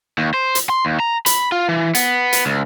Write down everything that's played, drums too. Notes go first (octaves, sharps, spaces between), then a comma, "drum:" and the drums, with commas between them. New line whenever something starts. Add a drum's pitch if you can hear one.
D#2
C5
drum: hi-hat
C6
D#2
A#5
B5, drum: hi-hat
F4
E3
B3, drum: hi-hat
drum: hi-hat
C#2